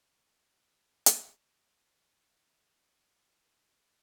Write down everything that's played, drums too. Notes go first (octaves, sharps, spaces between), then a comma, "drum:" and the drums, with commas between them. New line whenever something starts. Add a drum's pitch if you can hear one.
G#3 A3 C4 C#5
drum: hi-hat
G4 A4 D5 F5
A4 A#5
B5 F6 C7
A2 D6 G6 A#6
E2 G#2 D#3 A5
D2 A2 A4 C#5 C#6